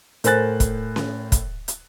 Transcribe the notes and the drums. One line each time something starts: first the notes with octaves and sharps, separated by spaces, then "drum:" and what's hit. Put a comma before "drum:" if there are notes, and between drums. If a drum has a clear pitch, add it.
A2 A#4 C5 G#5 F#6 A6, drum: hi-hat
drum: kick, hi-hat
drum: snare C#4
drum: kick, hi-hat
drum: hi-hat